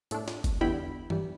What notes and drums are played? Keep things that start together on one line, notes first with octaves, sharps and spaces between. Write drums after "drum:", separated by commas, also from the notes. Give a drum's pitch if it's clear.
A2 A3 D4, drum: hi-hat
drum: snare
drum: kick G1, hi-hat
E2 D3 G3 B3 E4 G5 B5
G2 E3 G3, drum: tom G2